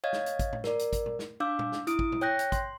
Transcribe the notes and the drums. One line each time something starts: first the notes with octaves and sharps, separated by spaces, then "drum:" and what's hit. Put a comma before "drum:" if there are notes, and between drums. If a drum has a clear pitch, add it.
C#5 D#5 F5 G#6
drum: snare
drum: hi-hat
drum: kick, hi-hat
drum: tom A2
A#4 D5, drum: snare
drum: hi-hat
drum: kick, hi-hat
drum: tom A#2
drum: snare
D4 F5 D6 E6 G6
drum: tom A#2
drum: snare
E4 D#6 D7, drum: hi-hat
drum: kick
drum: tom A#2
C#5 G5 F#6 G6 A#6
drum: hi-hat
C6, drum: kick, hi-hat